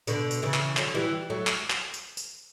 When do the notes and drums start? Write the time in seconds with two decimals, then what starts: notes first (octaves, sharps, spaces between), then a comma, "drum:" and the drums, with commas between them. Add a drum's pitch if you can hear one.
0.07 B2 D3, drum: tambourine
0.31 drum: tambourine
0.42 C#3 E3
0.54 drum: clap
0.77 D3 F#3, drum: clap
0.95 E3 G3
1.30 F#3 A3
1.47 drum: clap
1.71 drum: clap
1.94 drum: tambourine
2.17 drum: tambourine